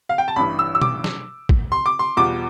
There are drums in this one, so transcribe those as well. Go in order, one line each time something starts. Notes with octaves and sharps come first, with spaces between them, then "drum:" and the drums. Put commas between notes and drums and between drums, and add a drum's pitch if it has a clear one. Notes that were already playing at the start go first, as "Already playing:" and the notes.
F5
G5
A5
A1 G2 E3 B5
E6
E6
D6, drum: tom B2
drum: snare
drum: kick
C6
D6
C6
E2 B2 G3 B3 F4 D6